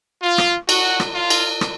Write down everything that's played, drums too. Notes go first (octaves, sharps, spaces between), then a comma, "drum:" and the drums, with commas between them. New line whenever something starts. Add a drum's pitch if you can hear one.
F4
drum: rim click
F#4, drum: cymbal
drum: rim click
F4
drum: cymbal
drum: rim click